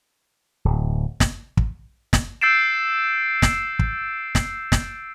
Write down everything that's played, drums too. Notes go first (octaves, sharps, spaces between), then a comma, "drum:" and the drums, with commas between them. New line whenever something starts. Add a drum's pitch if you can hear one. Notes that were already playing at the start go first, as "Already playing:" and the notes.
D1
drum: snare
drum: kick
drum: snare
E6 G6 A6 C7 D7 E7
drum: snare
drum: kick
drum: snare
drum: snare